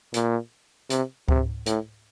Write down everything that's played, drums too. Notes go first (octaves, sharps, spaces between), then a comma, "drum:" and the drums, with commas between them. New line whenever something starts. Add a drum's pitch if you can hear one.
A#2, drum: hi-hat
C3, drum: hi-hat
C3, drum: kick C#2
A2, drum: hi-hat